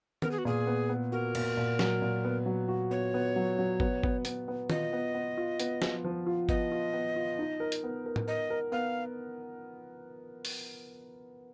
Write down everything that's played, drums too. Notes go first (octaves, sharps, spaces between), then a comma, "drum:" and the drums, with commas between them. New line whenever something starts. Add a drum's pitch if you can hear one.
B3 A#4, drum: tom D#3
G#4
F#4
A#2 G#4
B3
B3
F#4 A#4
A#2, drum: cymbal
A#2
F#3, drum: snare
A#2
B3
F#3
F#4
B3 C#5
B3
F#3
F#3
B3, drum: kick G1
B3, drum: kick G1
B3, drum: hi-hat
B3
F4 D#5, drum: tom D#3
B3
B3
F4
B3, drum: hi-hat
F3, drum: snare
F3
F4
B3 D#5, drum: kick G1
F4
B3
F4
D#4
A#4
drum: hi-hat
B3
A#4
drum: tom A2
A#4 D#5
A#4
B3 F5
drum: open hi-hat